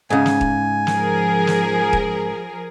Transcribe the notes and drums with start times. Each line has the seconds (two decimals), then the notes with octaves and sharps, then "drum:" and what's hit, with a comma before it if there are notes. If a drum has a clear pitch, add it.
0.10 G#2 C#3 G#5
0.26 drum: snare
0.41 drum: kick D#1
0.87 F3 G#4 A#4, drum: snare
1.47 drum: snare
1.93 drum: kick D#1